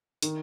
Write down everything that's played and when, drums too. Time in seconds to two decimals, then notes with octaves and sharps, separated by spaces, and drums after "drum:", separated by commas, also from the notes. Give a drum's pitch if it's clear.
0.22 D#3, drum: hi-hat